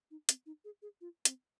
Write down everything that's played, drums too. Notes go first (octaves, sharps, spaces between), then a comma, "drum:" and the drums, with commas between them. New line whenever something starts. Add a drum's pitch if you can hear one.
D#4
C4, drum: hi-hat
D#4
G#4
G#4
F4
C4, drum: hi-hat